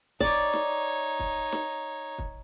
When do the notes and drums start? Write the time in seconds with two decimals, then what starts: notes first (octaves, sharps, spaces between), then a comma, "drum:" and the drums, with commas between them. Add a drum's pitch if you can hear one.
0.20 D#4 C#5 D5, drum: kick
0.53 drum: snare
1.19 drum: kick
1.52 drum: snare
2.18 drum: kick